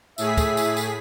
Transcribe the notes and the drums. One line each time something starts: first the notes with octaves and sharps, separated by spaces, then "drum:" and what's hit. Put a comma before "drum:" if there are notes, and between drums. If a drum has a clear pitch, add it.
A2 G#4 E5 B6, drum: tambourine
drum: kick, tambourine
drum: tambourine
drum: tambourine